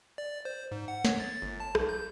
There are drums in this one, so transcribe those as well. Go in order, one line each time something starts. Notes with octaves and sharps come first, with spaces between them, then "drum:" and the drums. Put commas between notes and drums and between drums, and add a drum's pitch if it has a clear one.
D5
C5
G#2
F#5
C#5, drum: snare
A6
G1
A5
B1, drum: rim click
G6